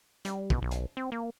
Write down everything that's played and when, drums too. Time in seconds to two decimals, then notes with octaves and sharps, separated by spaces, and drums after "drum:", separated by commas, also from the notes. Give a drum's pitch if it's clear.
0.25 G3, drum: hi-hat
0.50 B2, drum: kick
0.62 B1
0.71 drum: hi-hat
0.97 C4
1.12 A#3